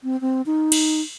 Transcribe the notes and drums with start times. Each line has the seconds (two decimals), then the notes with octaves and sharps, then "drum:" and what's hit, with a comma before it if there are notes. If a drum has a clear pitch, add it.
0.04 C4
0.21 C4
0.46 D#4
0.72 drum: cymbal